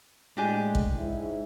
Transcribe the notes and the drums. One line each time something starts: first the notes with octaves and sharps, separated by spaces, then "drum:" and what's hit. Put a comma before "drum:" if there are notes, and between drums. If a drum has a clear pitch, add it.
A2 G#3 D4 G4 G#5
drum: kick
G#2 E4